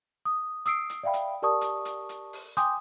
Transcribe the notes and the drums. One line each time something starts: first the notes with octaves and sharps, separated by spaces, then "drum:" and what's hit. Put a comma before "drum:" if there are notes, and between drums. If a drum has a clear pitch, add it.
D#6
D#6 E6 C7 D7, drum: hi-hat
drum: hi-hat
D5 E5 F5 G5 B5
drum: hi-hat
G4 A#4 D5 A5 C#6 D#6
drum: hi-hat
drum: hi-hat
drum: hi-hat
drum: open hi-hat
G5 G#5 C6 D6 D#6 G6, drum: hi-hat